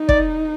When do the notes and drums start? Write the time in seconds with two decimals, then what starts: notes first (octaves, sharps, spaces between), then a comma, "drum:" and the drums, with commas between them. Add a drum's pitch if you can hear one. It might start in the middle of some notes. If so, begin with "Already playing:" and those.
Already playing: D#4
0.09 D5, drum: kick